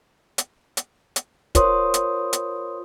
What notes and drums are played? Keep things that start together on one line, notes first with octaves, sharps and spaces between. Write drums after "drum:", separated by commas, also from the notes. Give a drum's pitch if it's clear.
drum: hi-hat
drum: hi-hat
drum: hi-hat
F4 A#4 C5 C#5 C6 D#6, drum: kick, hi-hat
drum: hi-hat
drum: hi-hat